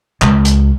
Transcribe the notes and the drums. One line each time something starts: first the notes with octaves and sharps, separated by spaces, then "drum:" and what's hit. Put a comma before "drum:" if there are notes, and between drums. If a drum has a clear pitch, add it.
C#2, drum: clap
drum: hi-hat